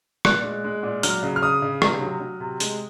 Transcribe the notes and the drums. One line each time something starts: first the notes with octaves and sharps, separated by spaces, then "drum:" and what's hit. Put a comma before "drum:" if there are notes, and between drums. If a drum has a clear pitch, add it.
A#2 F#6, drum: rim click
G#3
G#3
A#2
F#3 F6, drum: hi-hat
C#3
F6
C#3 D#6
C#3
C3, drum: rim click
F#3
F#3
C3
G#3, drum: hi-hat